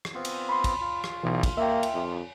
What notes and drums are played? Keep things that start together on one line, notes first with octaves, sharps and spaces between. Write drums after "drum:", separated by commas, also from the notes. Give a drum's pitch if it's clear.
drum: rim click
B3 C4 F4
drum: cymbal
B5 C6
drum: kick, cymbal
F4
drum: rim click
B1 B2 E3
drum: kick, cymbal
A#3 E5 G5
drum: cymbal
F2